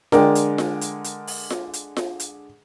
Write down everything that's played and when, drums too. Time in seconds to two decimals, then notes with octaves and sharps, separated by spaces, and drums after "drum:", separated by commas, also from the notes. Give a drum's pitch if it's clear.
0.12 D3 G#3 A#4 D5 G5, drum: snare F4
0.35 drum: hi-hat
0.58 drum: snare F4
0.81 drum: hi-hat
1.04 drum: hi-hat
1.27 drum: open hi-hat
1.50 drum: snare F4
1.73 drum: hi-hat
1.97 drum: snare F4
2.20 drum: hi-hat